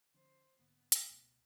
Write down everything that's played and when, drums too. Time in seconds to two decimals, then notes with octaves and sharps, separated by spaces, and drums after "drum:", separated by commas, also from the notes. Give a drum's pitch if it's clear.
0.14 D3 F3 C#4 C5
0.59 G#2 D3 A#3 B3
0.92 drum: hi-hat
1.10 C#2 B2 A3